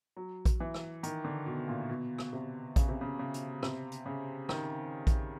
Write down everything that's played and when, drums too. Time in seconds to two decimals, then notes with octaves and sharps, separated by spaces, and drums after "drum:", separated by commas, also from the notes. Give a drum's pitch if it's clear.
0.17 F#3
0.45 drum: kick A#1, hi-hat
0.60 E3
0.74 drum: rim click
1.03 D#3, drum: hi-hat
1.24 D3
1.46 B2
1.68 A#2
1.89 B2
2.18 drum: rim click
2.33 C3
2.76 C#3, drum: kick A#1, hi-hat
2.89 C3
3.01 C#3
3.19 C#3
3.34 drum: hi-hat
3.63 C3, drum: rim click
3.92 drum: hi-hat
4.06 C#3
4.49 D#3, drum: rim click
5.07 drum: kick A#1, hi-hat